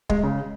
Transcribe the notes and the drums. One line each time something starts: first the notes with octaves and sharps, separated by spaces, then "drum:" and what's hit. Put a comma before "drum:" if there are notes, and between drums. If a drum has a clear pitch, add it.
G#3, drum: kick
C#3